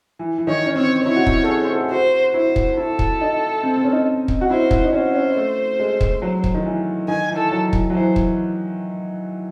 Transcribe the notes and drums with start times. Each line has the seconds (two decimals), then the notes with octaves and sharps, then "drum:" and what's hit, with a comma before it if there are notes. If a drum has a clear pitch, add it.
0.19 E3
0.38 E3
0.47 D#3 C#5
0.66 C#4
0.76 C4 C#5
1.04 E4 C#5
1.16 F#4
1.27 E4, drum: kick
1.44 A4
1.48 G#4
1.65 C5
1.74 A4
1.83 G#4
1.91 F#4 C5
2.34 E4 C5
2.56 drum: kick
2.77 E4 A4
2.99 drum: kick
3.21 D#4
3.63 C4
3.77 C4
3.84 C#4
3.93 D#4
4.28 drum: kick
4.41 F#4
4.50 E4 C5
4.71 E4, drum: kick
4.84 D#4
4.93 C#4 C5
5.14 C#4
5.36 A3
5.79 G#3
6.01 drum: kick
6.22 F#3
6.44 drum: kick
6.54 D#3
6.66 E3
7.08 D#3 G#5
7.30 E3
7.36 A4
7.51 F#3
7.73 E3, drum: kick
7.90 F#3
7.94 E3 C5
8.16 drum: kick